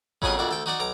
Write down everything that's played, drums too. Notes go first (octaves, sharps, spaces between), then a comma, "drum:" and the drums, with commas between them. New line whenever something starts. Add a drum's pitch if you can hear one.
F2 C#3 F#3 B3 G#4 D#5, drum: kick A1
A#1 F2 F#4 D5
D2 A4 G5
D#4 F#4 D5 F#5
B1 A#5 D6